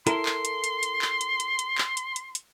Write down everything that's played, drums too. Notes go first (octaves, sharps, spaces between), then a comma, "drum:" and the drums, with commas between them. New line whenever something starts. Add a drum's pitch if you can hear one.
E4 A4 A#4 C6, drum: hi-hat
drum: clap
drum: hi-hat
drum: hi-hat
drum: hi-hat
drum: clap
drum: hi-hat
drum: hi-hat
drum: hi-hat
drum: clap
drum: hi-hat
drum: hi-hat
drum: hi-hat